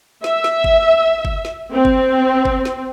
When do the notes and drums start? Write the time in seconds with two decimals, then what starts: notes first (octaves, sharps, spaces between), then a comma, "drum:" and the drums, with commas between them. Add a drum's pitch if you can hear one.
0.24 E5, drum: snare
0.44 drum: snare
0.64 drum: kick G1
1.25 drum: kick G1
1.45 drum: snare
1.74 C4
1.85 drum: kick G1
2.45 drum: kick G1
2.65 drum: snare